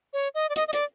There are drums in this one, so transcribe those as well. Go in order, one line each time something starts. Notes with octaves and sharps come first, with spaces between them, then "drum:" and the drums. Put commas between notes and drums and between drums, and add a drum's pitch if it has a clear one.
C#5
D#5
D5
D#5, drum: hi-hat
D#5
D5, drum: hi-hat